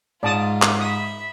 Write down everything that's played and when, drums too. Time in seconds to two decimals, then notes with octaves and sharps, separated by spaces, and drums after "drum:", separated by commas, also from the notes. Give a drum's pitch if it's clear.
0.23 G#2 F4 D5 A5 D#6
0.62 drum: clap
0.81 E5 B5 D#6